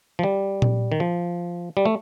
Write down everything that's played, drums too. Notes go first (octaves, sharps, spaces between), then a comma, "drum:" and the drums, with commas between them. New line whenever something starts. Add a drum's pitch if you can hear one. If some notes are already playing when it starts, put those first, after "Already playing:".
F3
G3
drum: tom A#2
D#3
F3
G3
A3